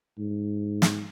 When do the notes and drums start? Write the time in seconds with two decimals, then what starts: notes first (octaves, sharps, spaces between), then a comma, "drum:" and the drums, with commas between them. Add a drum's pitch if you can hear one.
0.18 G#2
0.82 drum: snare